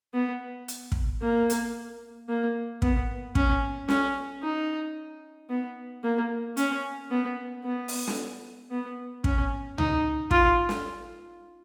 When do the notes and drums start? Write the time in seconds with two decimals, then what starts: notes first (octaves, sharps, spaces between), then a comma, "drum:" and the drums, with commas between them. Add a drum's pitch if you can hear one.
0.14 B3
0.68 drum: hi-hat
0.92 drum: kick
1.21 A#3
1.50 drum: hi-hat
2.28 A#3
2.82 B3, drum: kick
3.35 C#4, drum: kick
3.89 C#4, drum: snare
4.43 D#4
5.49 B3
6.04 A#3
6.57 C#4, drum: hi-hat
7.11 B3
7.64 B3
7.88 drum: open hi-hat
8.07 drum: snare
8.71 B3
9.24 C#4, drum: kick
9.78 D#4, drum: tom C#2
10.31 F4, drum: kick
10.69 drum: snare